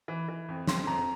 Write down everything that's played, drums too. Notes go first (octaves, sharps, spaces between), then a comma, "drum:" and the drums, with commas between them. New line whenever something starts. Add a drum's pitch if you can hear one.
E3
E3
F2
F2 C6, drum: snare
F2 A#5